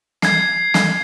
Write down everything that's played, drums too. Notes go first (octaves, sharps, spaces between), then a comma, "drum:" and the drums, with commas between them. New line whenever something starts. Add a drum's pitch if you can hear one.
G#6 C7, drum: snare
drum: snare